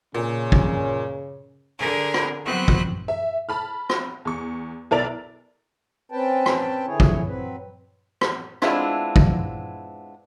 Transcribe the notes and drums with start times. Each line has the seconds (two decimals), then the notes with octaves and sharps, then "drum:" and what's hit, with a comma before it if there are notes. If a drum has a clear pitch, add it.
0.14 A#2 C#3 C#4
0.52 drum: kick
1.79 D3 G#4 A#4
2.14 drum: rim click
2.46 F#3 B3 C4 F#4 F#6
2.68 drum: kick
3.08 E5
3.49 A5 B5 F6
3.89 drum: rim click
4.25 E2 C#6
4.91 B1 E4 A#4 D5 A6 F7
6.12 C4 C#4 B4 G5 A5
6.46 drum: rim click
6.86 D3 E4 G#4 C#5
7.00 drum: kick
7.27 F#3 C4 B4
8.21 drum: rim click
8.62 G#3 B3 C4 D4 E4 F4, drum: rim click
9.16 drum: kick